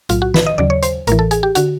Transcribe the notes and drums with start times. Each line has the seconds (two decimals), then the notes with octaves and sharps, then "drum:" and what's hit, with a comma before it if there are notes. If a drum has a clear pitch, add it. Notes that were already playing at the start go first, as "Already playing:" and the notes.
0.09 B1 A2 F#3 F4, drum: hi-hat
0.22 F#4
0.34 B4, drum: snare
0.46 D#5
0.58 D#2 C#3 F#3 D5
0.70 C#5
0.83 C5, drum: hi-hat
1.07 A1 A2 E3 A#4, drum: hi-hat
1.19 A4
1.31 G#4, drum: hi-hat
1.43 G4
1.55 D3 F#4, drum: hi-hat